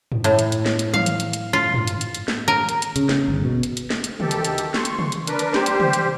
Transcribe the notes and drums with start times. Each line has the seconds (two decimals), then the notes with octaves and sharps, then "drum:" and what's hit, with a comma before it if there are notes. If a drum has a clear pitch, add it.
0.12 drum: tom
0.24 A2, drum: hi-hat
0.39 drum: hi-hat
0.52 drum: hi-hat
0.66 drum: snare
0.79 drum: hi-hat
0.94 F5, drum: tom
1.06 drum: hi-hat
1.20 drum: hi-hat
1.33 drum: hi-hat
1.53 F4
1.74 drum: tom
1.87 drum: hi-hat
2.01 drum: hi-hat
2.15 drum: hi-hat
2.28 drum: snare
2.48 A#4
2.69 drum: hi-hat
2.82 drum: hi-hat
2.96 C#3, drum: hi-hat
3.09 drum: snare
3.28 G1
3.44 B2
3.63 drum: hi-hat
3.77 drum: hi-hat
3.90 drum: snare
4.04 drum: hi-hat
4.20 D2 D#3 G4 A4, drum: tom
4.31 drum: hi-hat
4.44 drum: hi-hat
4.58 drum: hi-hat
4.74 C6 C#6, drum: snare
4.85 drum: hi-hat
4.99 drum: tom
5.12 drum: hi-hat
5.27 D4 A#4 B4, drum: hi-hat
5.39 drum: hi-hat
5.54 G3 G4 C5, drum: snare
5.66 drum: hi-hat
5.80 drum: tom
5.93 drum: hi-hat